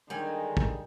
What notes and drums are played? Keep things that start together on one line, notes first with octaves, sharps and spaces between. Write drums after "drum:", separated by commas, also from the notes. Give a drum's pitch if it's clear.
D3 D#3 G3 G#3 G#5
drum: kick